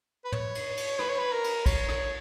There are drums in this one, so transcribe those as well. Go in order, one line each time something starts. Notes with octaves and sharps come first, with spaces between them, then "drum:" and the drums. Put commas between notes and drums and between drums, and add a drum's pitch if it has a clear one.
B4
C#5, drum: tom
drum: cymbal
drum: cymbal
B4, drum: rim click
C#5
B4
A#4
drum: cymbal
C#5, drum: kick A#1, cymbal
C#5, drum: rim click